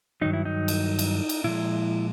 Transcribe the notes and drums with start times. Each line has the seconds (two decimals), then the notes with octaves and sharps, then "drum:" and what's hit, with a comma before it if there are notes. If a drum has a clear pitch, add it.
0.21 G2 D#3 F#3 D#4
0.33 E4
0.45 D#4
0.68 drum: cymbal
0.99 drum: cymbal
1.29 drum: cymbal
1.44 A#2 F3 G#3 E4